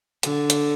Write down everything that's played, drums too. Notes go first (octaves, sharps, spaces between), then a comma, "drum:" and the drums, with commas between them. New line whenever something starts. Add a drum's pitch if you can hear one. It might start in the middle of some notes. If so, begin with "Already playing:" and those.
D3, drum: hi-hat
drum: hi-hat